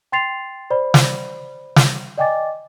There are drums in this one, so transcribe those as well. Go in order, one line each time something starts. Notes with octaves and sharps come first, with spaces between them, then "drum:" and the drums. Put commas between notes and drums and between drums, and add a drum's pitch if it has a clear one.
G5 C6 A6 C7 F7
C5 D5 B5
drum: snare
drum: snare
D5 D#5 G5 G#5 D6 A6